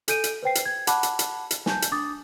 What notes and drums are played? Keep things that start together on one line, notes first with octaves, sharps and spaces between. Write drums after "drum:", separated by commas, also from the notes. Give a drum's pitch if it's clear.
A4 G#5 G6 D7 D#7, drum: hi-hat
drum: hi-hat
B4 C5 G5 C7
drum: hi-hat
G#6
F#5 A5 B5 D6 F#6, drum: hi-hat
drum: hi-hat
drum: hi-hat
drum: hi-hat
G#5 A5 G6, drum: snare
drum: hi-hat
D4 D6 D#6 A6